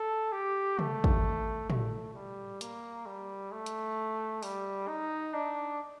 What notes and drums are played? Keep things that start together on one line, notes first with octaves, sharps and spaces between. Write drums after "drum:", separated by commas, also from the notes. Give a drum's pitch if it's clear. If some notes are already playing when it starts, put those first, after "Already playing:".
Already playing: A4
G4
A3, drum: tom
drum: kick
A3, drum: tom
G3
A#3, drum: hi-hat
G3
A3
drum: hi-hat
G3, drum: open hi-hat
D#4
D4